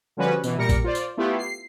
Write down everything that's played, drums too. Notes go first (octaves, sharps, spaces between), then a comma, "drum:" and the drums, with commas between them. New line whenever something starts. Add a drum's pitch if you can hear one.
D3 F3 G3 C#4 F#4 B4
B2 E3, drum: tambourine
A#2 G3 A#4 A#6 C#7
drum: kick A#1, tambourine
F4 C5 D5
drum: tambourine
A3 B3 E4 F4 G4
C7